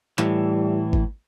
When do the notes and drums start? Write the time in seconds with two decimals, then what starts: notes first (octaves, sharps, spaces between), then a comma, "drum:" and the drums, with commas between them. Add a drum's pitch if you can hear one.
0.18 A2 E3 G3, drum: clap
0.93 drum: kick G#1